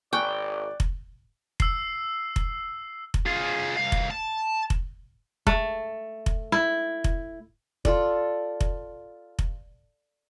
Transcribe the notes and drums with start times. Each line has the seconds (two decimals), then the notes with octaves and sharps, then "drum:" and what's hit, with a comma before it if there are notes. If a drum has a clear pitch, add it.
0.13 G#1 D5 G5 G#5 C#6 F#6
0.80 drum: kick F1
1.60 E6 C7, drum: kick F1
2.36 drum: kick F1
3.14 drum: kick F1
3.26 F4 G#4
3.77 C2 F5
3.92 drum: kick F1
4.10 A5
4.70 drum: kick F1
5.47 A3, drum: kick F1
6.26 drum: kick F1
6.52 E4
7.04 drum: kick F1
7.85 F4 A4 D5, drum: kick F1
8.61 drum: kick F1
9.39 drum: kick F1